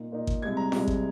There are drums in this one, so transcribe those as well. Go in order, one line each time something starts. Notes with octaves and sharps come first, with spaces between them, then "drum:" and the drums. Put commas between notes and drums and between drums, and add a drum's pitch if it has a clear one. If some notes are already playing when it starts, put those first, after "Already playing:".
Already playing: A#2 A#3 D#4
A#2 A#3 D#4
drum: kick G#1
C2 C3 G#3 G#6
A#5
C2 C3 G#3, drum: snare
drum: kick G#1